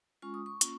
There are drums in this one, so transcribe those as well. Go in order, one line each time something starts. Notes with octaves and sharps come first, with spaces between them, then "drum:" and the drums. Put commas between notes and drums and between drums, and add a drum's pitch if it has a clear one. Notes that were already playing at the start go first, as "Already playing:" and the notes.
G#3 C#4 F4 C#6
D#6
C#6
A#3 C#4 F4, drum: hi-hat